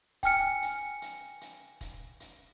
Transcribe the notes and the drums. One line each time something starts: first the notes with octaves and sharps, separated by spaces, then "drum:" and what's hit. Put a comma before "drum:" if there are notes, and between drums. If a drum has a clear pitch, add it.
G5 G#5 F6 C#7, drum: kick E1, hi-hat
drum: hi-hat
drum: hi-hat
drum: hi-hat
drum: kick E1, hi-hat
drum: hi-hat